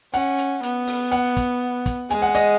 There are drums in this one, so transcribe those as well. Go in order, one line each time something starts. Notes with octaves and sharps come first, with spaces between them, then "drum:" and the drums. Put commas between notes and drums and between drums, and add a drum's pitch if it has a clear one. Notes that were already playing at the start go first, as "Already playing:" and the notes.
C#4 F#5, drum: hi-hat
drum: hi-hat
B3, drum: hi-hat
drum: open hi-hat
F#5, drum: hi-hat
drum: kick, hi-hat
drum: kick, hi-hat
G#3 G#5, drum: hi-hat
F#5
D#5, drum: hi-hat